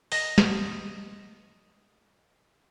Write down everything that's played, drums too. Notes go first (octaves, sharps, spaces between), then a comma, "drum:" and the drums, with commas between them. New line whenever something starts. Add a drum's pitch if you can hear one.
D#5 A#6, drum: open hi-hat
drum: snare